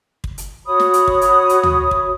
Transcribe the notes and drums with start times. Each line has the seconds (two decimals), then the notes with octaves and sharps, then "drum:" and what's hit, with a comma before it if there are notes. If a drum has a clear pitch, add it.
0.24 drum: kick
0.38 drum: hi-hat
0.66 F#4 C#5 B5 D#6
0.80 drum: snare
0.94 drum: hi-hat
1.07 drum: kick
1.21 drum: hi-hat
1.49 drum: hi-hat
1.63 drum: tom
1.91 drum: kick